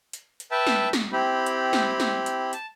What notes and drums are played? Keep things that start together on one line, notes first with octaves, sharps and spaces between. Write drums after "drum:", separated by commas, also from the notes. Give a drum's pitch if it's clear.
drum: hi-hat
drum: hi-hat
B4 E5 G5 A5
drum: snare
drum: snare
C4 E4 G4 B5
drum: hi-hat
drum: snare
drum: snare
drum: hi-hat
A5, drum: hi-hat